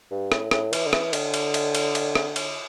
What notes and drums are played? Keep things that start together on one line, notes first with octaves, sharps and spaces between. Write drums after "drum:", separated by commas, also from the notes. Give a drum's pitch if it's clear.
G2
A2, drum: rim click
A2, drum: rim click
E3, drum: cymbal
D3
E3, drum: rim click
D3, drum: cymbal
drum: cymbal
drum: cymbal
drum: cymbal
drum: cymbal
drum: rim click
drum: cymbal